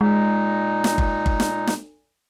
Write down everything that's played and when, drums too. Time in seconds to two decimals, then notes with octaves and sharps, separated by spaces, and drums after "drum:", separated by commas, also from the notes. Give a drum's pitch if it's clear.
0.01 A#2 G#3 D#4
0.84 drum: snare
0.98 drum: kick G1
1.26 drum: kick G1
1.40 drum: snare
1.67 drum: snare